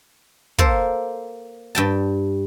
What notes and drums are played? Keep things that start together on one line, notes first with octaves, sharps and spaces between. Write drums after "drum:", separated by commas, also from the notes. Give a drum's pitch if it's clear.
A#3 A4 C5, drum: kick
G2 G5 A5